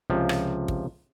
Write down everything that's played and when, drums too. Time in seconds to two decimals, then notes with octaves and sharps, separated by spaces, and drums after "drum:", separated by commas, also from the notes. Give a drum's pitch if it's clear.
0.10 C#2 C3 F3
0.29 drum: rim click
0.68 drum: kick